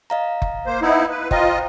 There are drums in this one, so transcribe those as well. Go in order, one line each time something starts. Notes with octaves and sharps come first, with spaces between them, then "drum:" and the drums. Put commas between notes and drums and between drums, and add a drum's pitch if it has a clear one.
D#5 F5 A#5
drum: kick F#1
A#3 C5
B3 D#4 E4
B4
F4 C5 D#5 G5 A#5, drum: kick F#1